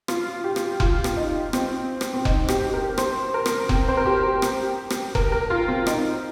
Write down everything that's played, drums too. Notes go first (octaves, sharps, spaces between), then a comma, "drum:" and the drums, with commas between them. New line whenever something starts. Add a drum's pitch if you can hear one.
F4, drum: rim click
G4
drum: rim click
F4, drum: kick F1
drum: rim click
D#4
C4, drum: rim click
drum: rim click
C4
D#4, drum: kick F1
G4, drum: rim click
A#4
C5, drum: rim click
A#4
drum: rim click
C4, drum: kick F1
C5
A#4
G4
drum: rim click
drum: rim click
A#4, drum: kick F1
A#4
F4
C4
D#4, drum: rim click